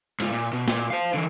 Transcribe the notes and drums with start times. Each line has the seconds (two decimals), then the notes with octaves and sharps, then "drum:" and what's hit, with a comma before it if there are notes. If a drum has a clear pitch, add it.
0.20 G#2 F4, drum: cymbal
0.32 A#2
0.53 B2
0.68 A#2, drum: snare
0.90 C5 F5
1.14 D3 E3